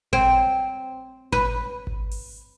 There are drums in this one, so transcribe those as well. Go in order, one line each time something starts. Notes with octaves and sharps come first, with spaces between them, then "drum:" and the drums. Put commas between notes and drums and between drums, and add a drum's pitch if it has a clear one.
C4, drum: kick G#1
B4, drum: kick G#1
drum: kick G#1
drum: open hi-hat